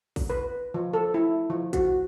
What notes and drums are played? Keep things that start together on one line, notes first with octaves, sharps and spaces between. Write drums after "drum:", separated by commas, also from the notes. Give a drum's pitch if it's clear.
drum: kick, open hi-hat
B4
F3
A4
E4
F3
F#4, drum: kick, hi-hat